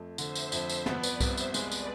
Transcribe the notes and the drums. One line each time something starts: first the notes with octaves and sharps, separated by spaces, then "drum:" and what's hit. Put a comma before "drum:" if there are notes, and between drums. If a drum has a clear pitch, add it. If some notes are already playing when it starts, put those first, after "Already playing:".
Already playing: F2 A3
D3 C5 E5, drum: tambourine
drum: tambourine
F2, drum: tambourine
drum: tambourine
B3 B4 D5, drum: snare
drum: tambourine
C2 C5 E5, drum: kick C2, tambourine
drum: tambourine
G#3 B4 D5, drum: tambourine
drum: tambourine